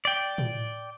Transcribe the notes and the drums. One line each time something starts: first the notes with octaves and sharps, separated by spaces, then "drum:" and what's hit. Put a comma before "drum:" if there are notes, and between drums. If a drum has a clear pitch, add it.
D5 G5
drum: tom A2